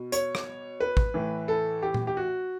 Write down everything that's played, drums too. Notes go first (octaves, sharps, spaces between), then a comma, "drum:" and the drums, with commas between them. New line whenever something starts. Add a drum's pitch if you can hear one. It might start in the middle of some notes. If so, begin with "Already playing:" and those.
Already playing: B2
C#5, drum: hi-hat
drum: rim click
B4
drum: kick
A2 E3
A4
G4
drum: tom A#2
G4
F#4